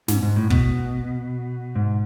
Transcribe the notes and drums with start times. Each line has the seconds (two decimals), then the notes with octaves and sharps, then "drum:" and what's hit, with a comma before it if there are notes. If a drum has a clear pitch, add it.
0.08 G#2, drum: snare
0.22 G#2
0.36 A2
0.50 B2, drum: kick
1.75 G#2